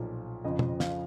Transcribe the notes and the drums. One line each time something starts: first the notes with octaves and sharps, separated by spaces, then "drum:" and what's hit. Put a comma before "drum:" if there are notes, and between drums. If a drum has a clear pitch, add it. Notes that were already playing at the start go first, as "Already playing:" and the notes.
Already playing: B1 A#2 F3
F2 C#3 F3 D#5
drum: tom B2
F5, drum: snare